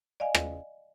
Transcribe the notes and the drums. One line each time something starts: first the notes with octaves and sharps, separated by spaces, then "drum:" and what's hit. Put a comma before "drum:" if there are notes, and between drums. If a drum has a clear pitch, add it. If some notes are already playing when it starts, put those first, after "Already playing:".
D5 D#5 F5 G#5
drum: rim click